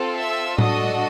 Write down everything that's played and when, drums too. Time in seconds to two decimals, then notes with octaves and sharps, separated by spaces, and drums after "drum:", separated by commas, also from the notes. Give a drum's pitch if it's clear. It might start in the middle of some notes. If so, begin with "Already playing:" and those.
Already playing: C4 F4 A4
0.17 E5 E6
0.58 D4 F#4 A4 D#5 D#6, drum: tom A2